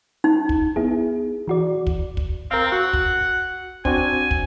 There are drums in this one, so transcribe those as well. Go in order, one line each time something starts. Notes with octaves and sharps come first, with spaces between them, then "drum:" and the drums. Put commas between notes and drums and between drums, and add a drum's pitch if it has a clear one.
D#4
drum: kick
B3 E4 G#4
E3 F#4 D5
drum: kick
drum: kick
C4 A#4 F5
F#4 F#5
drum: kick
C4 D4 F#4 G#5, drum: kick
drum: kick